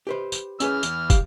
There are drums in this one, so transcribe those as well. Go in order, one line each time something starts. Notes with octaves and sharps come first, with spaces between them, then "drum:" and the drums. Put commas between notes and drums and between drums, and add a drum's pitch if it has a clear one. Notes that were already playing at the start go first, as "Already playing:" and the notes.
G4 B4 C5
drum: tambourine
E3 C#4 G#4 B4 F6, drum: tambourine
E2, drum: tambourine
G4 F5, drum: kick, tambourine